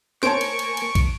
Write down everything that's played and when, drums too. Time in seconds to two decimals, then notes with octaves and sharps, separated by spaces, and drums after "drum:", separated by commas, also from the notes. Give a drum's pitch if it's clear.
0.23 A#3 A#4 C5 C#5 G#5 A5 C#6 D7, drum: snare
0.41 drum: cymbal
0.59 drum: cymbal
0.77 drum: cymbal
0.95 drum: kick, cymbal